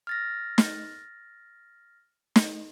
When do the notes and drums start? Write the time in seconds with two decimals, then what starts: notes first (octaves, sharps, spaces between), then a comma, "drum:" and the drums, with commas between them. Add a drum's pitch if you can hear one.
0.07 F6 A6 A#6
0.58 drum: snare
2.36 drum: snare